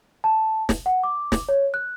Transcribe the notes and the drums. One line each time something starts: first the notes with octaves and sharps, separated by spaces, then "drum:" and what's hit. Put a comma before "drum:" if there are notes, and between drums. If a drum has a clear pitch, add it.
A5
drum: snare
F#5
D6
drum: snare
C#5
F#6